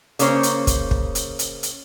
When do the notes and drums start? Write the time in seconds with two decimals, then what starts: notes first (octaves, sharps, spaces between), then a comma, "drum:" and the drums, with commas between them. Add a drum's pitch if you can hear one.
0.19 C#3 A#3 C#4 C5 C#5, drum: hi-hat
0.43 drum: hi-hat
0.67 drum: kick, hi-hat
0.91 drum: kick
1.15 drum: hi-hat
1.39 drum: hi-hat
1.63 drum: hi-hat